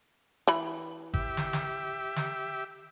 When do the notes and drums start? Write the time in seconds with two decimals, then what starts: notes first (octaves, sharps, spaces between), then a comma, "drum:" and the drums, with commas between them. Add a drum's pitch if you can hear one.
0.48 E3 B5
1.14 G4 E5, drum: kick G#1
1.37 drum: snare
1.53 drum: snare
2.16 drum: snare